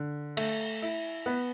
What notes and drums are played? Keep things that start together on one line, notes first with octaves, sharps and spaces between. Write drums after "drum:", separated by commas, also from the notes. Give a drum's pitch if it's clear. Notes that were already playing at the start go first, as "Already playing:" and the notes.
Already playing: D3
A3, drum: cymbal
E4
B3